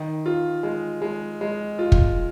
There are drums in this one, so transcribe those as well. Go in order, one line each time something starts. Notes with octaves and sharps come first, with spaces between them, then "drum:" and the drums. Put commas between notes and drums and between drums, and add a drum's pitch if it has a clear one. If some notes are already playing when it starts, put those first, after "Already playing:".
Already playing: D#3
F4
G#3
G#3
G#3
F4
drum: kick